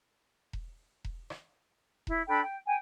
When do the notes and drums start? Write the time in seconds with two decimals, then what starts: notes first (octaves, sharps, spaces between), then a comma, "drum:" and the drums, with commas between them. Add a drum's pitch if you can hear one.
0.53 drum: kick E1
1.05 drum: kick E1
1.30 drum: rim click
2.07 E4, drum: kick E1
2.28 D4 A4 G5 B5
2.41 G5
2.66 G5 G#5